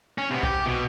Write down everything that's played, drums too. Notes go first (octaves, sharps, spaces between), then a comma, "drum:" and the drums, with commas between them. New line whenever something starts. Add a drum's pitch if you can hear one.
C#4
C3 B3
G4, drum: kick B1
B2